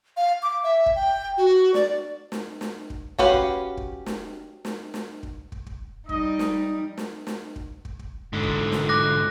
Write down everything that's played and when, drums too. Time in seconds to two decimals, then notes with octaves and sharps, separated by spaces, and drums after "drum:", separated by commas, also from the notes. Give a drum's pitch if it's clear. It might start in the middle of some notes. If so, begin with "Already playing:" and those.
0.17 F5
0.43 D6
0.64 E5
0.86 drum: kick
0.95 G5
1.38 F#4
1.74 D5, drum: snare
2.32 drum: snare
2.61 drum: snare
2.90 drum: kick
3.19 C#4 F#4 G4 B4 F5, drum: kick
3.34 drum: kick
3.77 drum: kick
4.06 drum: snare
4.65 drum: snare
4.94 drum: snare
5.23 drum: kick
5.52 drum: kick
5.67 drum: kick
6.09 G3 D#4 D#5, drum: kick
6.39 drum: snare
6.98 drum: snare
7.27 drum: snare
7.56 drum: kick
7.85 drum: kick
7.99 drum: kick
8.33 G#2 D3
8.43 drum: kick
8.72 drum: snare
8.89 D6 F#6 A#6